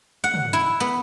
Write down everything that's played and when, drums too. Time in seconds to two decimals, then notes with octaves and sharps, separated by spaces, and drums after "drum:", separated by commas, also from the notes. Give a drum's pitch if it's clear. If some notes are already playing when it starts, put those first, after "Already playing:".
0.24 F#5
0.34 drum: tom
0.53 E4
0.80 B3